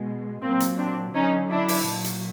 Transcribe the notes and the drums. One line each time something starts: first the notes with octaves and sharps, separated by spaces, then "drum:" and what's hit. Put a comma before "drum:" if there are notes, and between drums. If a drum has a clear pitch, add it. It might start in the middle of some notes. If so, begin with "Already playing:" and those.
Already playing: B2 G#3
A#2 F#3 A#3 C4
drum: hi-hat
C4 D4
D3 F#3 C#4 D#4
D4 E4
drum: open hi-hat
A#2 F#3
drum: hi-hat